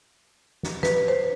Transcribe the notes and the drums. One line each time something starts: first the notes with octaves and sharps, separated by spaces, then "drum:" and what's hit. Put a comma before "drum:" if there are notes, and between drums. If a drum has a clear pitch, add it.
drum: snare
B4, drum: snare
C5